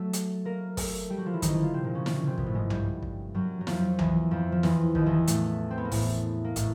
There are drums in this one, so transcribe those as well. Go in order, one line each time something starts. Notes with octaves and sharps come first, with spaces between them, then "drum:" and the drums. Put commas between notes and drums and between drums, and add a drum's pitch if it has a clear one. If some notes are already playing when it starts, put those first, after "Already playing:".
Already playing: F#3 A3 F#4 A4
drum: hi-hat
A#3 A#4
A3 A4, drum: kick, open hi-hat
G3 G4
F#3 F#4
F3 F4
E3 E4
D#3 D#4, drum: kick, hi-hat
D3 C#4 D4
F3 F4
C3 C4
A#2 A#3
C#3 C#4
D3 D4, drum: snare
C#3 C#4
C3 C4
B2 B3, drum: kick
A2 A3
G#2 G#3
G2 G3, drum: tom B1
drum: kick
F#2 F#3
F#3
F2 F3, drum: snare
E2 E3, drum: tom B1
F2 F3
F3
E2 E3, drum: snare
D#2 D#3, drum: kick
E2 E3
A2 A3, drum: hi-hat
C4
B3
A#3
A2 A3, drum: kick, open hi-hat
A#3
A2 A3, drum: kick, hi-hat